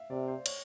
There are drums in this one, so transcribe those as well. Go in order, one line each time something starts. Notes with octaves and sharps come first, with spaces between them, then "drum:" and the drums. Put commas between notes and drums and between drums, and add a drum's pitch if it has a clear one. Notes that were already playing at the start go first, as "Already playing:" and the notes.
Already playing: E5 F5
C3 D5
C5
C#5, drum: cymbal